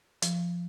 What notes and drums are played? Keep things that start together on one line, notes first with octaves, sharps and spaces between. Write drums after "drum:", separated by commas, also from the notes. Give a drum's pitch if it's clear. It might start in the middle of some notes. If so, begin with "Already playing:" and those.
F3, drum: hi-hat